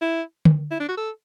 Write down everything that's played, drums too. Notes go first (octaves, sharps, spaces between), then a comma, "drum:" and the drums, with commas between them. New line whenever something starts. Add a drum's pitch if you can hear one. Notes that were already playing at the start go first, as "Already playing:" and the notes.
E4
drum: tom D3
E4
D4
F#4
A4